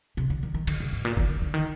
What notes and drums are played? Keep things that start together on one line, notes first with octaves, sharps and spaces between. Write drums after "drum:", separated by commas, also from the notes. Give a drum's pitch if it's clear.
C3
D3
D#3
D#3
D3, drum: cymbal
C3
G#2
A#2
D#3, drum: kick F#1
D3
D3
D#3